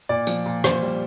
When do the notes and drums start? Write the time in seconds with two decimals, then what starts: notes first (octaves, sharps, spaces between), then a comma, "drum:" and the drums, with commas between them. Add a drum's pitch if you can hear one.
0.09 A#2 D5
0.27 F3, drum: tambourine
0.46 A#2
0.64 A#2 C5, drum: rim click
0.82 G3